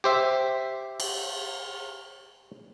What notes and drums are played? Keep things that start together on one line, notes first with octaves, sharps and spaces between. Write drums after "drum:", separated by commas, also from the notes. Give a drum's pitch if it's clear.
G4 C5 E5
drum: cymbal